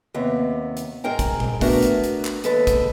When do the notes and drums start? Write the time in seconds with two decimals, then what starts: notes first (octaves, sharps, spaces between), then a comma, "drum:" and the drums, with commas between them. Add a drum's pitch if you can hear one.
0.14 D#2 C3 D#3 B3
0.77 drum: hi-hat
1.04 G#2 G#4 A#4 G5 A#5
1.19 drum: kick, hi-hat
1.40 drum: tom A#2
1.61 A3 B3 D4 F#4 A#4, drum: kick, open hi-hat
1.82 drum: hi-hat
2.04 drum: hi-hat
2.25 drum: clap
2.44 D#2 G#3 A4 B4, drum: hi-hat
2.67 drum: kick, hi-hat